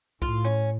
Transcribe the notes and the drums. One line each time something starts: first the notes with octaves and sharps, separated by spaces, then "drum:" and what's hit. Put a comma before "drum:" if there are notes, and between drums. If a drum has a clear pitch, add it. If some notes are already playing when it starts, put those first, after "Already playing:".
A2 F4, drum: kick C2
C#4